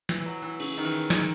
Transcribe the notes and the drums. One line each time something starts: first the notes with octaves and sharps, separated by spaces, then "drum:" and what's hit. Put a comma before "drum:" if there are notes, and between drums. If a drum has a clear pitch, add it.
E3, drum: snare
F#3
E3
C#3, drum: cymbal
D#3
E3, drum: cymbal
D#3, drum: snare